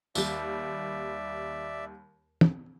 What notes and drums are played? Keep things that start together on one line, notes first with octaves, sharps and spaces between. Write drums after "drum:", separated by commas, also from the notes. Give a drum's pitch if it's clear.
D#2 G3 D5 E5, drum: tambourine
drum: tom